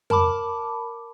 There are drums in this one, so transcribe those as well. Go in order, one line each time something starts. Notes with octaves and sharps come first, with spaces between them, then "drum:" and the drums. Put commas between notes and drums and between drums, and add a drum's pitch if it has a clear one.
A#4 A5 B5 D6, drum: tom F2